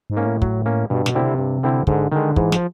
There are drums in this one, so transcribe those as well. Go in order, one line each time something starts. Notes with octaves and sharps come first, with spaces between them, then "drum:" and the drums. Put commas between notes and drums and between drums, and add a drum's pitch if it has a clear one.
G#2
A#3 C#4
A2
F#3, drum: kick
A#3 C#4
G2 B2
B2, drum: snare
D3 G3 C4 E4
C3
G2
D3 G3 C4 E4
G#2 D3, drum: kick
D3 D#3 G#3
G#2 E3, drum: kick
F3, drum: snare